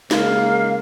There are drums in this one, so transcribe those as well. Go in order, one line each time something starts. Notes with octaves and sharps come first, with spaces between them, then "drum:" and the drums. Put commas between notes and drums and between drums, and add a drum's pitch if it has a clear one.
C#3 G#3 A#3 F5, drum: snare